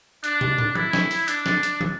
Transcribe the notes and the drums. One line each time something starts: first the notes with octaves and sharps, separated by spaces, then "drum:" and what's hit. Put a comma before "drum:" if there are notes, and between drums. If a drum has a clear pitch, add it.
D4, drum: hi-hat
drum: tom
drum: tom
E4, drum: tom
drum: snare
drum: open hi-hat
D4, drum: hi-hat
drum: snare
drum: hi-hat
drum: tom